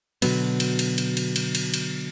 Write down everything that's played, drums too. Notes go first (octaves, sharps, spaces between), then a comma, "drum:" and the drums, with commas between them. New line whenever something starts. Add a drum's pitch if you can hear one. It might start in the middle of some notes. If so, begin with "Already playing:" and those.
B2 D3 F#3 B3, drum: cymbal
drum: cymbal
drum: cymbal
drum: cymbal
drum: cymbal
drum: cymbal
drum: cymbal
drum: cymbal